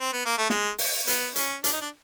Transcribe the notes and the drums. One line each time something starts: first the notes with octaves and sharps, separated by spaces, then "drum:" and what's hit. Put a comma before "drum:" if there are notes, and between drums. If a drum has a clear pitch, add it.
C4
B3
A#3
A3
G#3, drum: snare
drum: open hi-hat
B3, drum: hi-hat
C#4, drum: hi-hat
D4, drum: hi-hat
D#4
D4